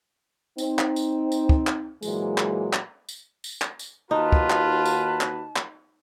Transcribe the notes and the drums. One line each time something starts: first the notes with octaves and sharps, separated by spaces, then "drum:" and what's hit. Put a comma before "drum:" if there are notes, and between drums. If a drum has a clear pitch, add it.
C4 D#4, drum: tambourine
drum: clap
drum: tambourine
drum: tambourine
drum: kick
drum: clap
A#2 E3 F#3 G#3 G#4, drum: tambourine
drum: clap
drum: clap
drum: tambourine
drum: tambourine
drum: clap
drum: tambourine
D#2 D#4 F4 F#4 B4 A5
drum: kick
drum: clap
drum: tambourine
drum: clap
drum: clap